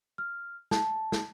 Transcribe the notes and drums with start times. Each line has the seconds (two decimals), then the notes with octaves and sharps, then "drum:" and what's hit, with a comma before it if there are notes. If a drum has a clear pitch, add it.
0.18 F6
0.71 A5, drum: snare
1.12 drum: snare